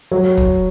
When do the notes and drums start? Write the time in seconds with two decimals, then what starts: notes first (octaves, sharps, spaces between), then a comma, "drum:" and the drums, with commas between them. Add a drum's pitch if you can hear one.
0.11 F#3
0.37 drum: kick